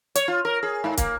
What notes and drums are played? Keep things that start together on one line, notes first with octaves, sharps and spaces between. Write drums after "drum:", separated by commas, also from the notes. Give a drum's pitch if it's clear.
C#5, drum: hi-hat
F4
A#4
G#4
G#2
A#3, drum: kick, hi-hat